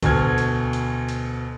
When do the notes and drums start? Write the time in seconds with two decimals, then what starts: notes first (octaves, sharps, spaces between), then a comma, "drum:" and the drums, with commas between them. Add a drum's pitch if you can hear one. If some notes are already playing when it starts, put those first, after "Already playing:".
0.02 D2 B2 A4 F6 G#6, drum: kick, hi-hat
0.38 drum: hi-hat
0.73 drum: hi-hat
1.09 drum: hi-hat